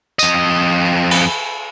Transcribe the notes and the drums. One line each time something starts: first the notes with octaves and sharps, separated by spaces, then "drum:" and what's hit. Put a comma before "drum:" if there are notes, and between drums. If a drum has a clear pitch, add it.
F2 D#5, drum: tambourine
drum: cymbal